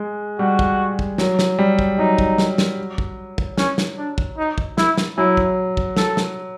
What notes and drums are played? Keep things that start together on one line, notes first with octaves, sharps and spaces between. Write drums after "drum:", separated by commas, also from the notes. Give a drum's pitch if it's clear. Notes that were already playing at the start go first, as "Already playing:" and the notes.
Already playing: G#3
G3 F#4
drum: kick
drum: kick
F#3, drum: snare
drum: snare
G3
drum: kick
F#3 D#4
drum: kick
drum: snare
drum: snare
drum: kick
drum: kick
C#4, drum: snare
drum: snare
D4
drum: kick
D#4
drum: kick
E4, drum: snare
drum: snare
F#3 E4
drum: kick
drum: kick
A4, drum: snare
drum: snare